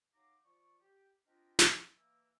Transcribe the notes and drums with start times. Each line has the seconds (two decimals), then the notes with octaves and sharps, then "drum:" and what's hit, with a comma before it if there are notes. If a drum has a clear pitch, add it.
0.14 F#3 D#4 F5 A#5 D6
0.44 F3 D5 C#6
0.81 G4
1.26 C4 D4 F4 G4 A#4 D#5
1.59 drum: snare
1.96 E3 A#3 E6